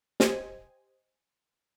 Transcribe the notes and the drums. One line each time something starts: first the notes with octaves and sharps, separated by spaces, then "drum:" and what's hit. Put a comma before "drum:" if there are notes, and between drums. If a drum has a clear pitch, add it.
G4 C5 D#5 G#5, drum: snare